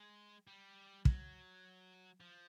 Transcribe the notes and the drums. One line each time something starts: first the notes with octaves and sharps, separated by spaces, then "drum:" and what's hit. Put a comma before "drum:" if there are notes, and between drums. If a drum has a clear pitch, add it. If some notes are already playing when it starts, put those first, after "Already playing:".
Already playing: G#3
G3
F#3, drum: kick
F3